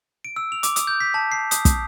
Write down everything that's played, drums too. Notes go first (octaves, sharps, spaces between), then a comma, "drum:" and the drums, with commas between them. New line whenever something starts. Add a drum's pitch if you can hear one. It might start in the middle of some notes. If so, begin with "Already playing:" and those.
D7
E6
F7
D6, drum: hi-hat
D#6, drum: hi-hat
G6
B6
A5
C7
D#6, drum: hi-hat
D#6, drum: kick, hi-hat